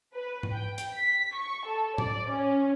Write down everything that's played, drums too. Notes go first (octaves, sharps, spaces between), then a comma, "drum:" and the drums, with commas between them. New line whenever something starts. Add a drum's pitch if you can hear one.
B4
drum: tom G#2
G5
drum: hi-hat
B6
C#6
A4
D5, drum: tom A2
C#4